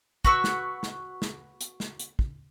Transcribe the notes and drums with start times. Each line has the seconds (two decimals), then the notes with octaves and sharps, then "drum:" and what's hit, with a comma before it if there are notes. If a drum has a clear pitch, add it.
0.25 F#4 B4 C#6 E6, drum: kick
0.44 drum: snare
0.83 drum: snare
1.22 drum: snare
1.61 drum: hi-hat
1.80 drum: snare
1.99 drum: hi-hat
2.19 drum: kick